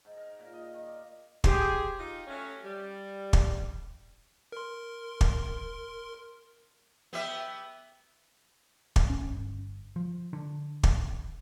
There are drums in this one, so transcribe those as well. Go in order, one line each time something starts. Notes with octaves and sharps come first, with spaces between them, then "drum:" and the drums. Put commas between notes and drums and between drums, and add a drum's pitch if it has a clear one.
G#2
A#4
A#2
D#5
D#3
D5
G4 G#4 C5, drum: kick
D#4 F4
F#3 A3 C#4
G3
drum: kick
A#4 C6
drum: kick
B3 G4 E5
drum: kick
C#4
G1
F3
D3
drum: kick